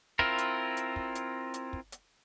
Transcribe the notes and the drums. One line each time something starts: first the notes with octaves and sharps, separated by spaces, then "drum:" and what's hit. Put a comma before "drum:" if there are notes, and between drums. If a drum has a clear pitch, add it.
C4 E4 F4 A#4, drum: kick
drum: hi-hat
drum: hi-hat
drum: kick
drum: hi-hat
drum: hi-hat
drum: kick
drum: hi-hat